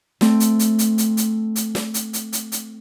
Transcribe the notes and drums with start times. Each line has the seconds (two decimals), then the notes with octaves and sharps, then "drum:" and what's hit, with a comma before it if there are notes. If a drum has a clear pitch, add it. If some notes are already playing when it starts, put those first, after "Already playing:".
0.21 A3 C4, drum: snare
0.40 drum: hi-hat
0.59 drum: hi-hat
0.79 drum: hi-hat
0.98 drum: hi-hat
1.17 drum: hi-hat
1.56 drum: hi-hat
1.75 drum: snare
1.94 drum: hi-hat
2.13 drum: hi-hat
2.33 drum: hi-hat
2.52 drum: hi-hat